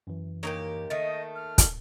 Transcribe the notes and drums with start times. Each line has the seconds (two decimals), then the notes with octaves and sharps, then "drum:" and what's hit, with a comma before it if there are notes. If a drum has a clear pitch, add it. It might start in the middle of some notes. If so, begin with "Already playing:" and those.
0.07 F#2 E3
0.43 A#2 A#3 D#4 F#4 G4 C#5
0.90 D#3 A3 D#5 A6
1.36 F6
1.58 drum: kick, hi-hat